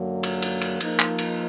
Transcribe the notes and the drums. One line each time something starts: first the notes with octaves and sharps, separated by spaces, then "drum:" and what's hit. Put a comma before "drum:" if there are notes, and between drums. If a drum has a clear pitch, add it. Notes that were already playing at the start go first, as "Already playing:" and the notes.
Already playing: F#2 D3 F#3 A#3
drum: cymbal
drum: cymbal
drum: cymbal
F3 A#3 D#4, drum: cymbal
drum: clap
drum: cymbal